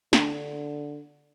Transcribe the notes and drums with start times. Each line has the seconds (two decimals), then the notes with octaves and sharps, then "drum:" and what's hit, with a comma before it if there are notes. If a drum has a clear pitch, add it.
0.13 D3 D4, drum: snare